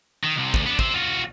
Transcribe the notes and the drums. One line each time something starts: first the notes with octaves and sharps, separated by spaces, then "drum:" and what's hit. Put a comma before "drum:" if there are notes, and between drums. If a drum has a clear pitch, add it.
D#3
C2 C3
D2, drum: kick
B3 D4
C5 E5, drum: kick
F4 F#4